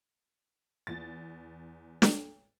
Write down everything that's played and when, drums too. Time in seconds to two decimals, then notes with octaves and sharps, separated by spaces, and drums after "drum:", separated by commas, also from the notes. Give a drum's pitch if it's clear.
0.87 E2 A6
2.02 drum: snare